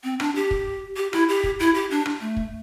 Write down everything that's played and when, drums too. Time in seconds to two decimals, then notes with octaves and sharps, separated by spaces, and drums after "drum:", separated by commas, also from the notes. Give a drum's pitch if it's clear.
0.04 C4
0.20 D4, drum: rim click
0.35 G4
0.51 drum: kick
0.97 G4
1.13 E4, drum: rim click
1.29 G4
1.44 drum: kick
1.60 E4
1.75 G4
1.91 D4
2.06 drum: rim click
2.20 A3
2.37 drum: kick